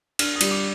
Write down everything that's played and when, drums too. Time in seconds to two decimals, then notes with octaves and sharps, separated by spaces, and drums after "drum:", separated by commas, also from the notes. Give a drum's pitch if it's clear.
0.19 D4 F6, drum: cymbal
0.36 D#6
0.41 G3, drum: cymbal
0.51 D6